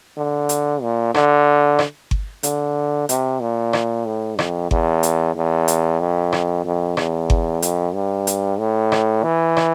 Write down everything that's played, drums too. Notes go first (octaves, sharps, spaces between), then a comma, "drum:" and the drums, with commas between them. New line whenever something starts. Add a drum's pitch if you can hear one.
D3
drum: hi-hat
A#2
D3, drum: rim click
drum: rim click
drum: kick G1
D3, drum: hi-hat
C3, drum: hi-hat
A#2
drum: rim click
A2
F2, drum: rim click
E2, drum: kick G1
drum: hi-hat
E2
drum: hi-hat
F2
drum: rim click
F2
E2, drum: rim click
drum: kick G1
F2, drum: hi-hat
G2
drum: hi-hat
A2
drum: rim click
E3
drum: rim click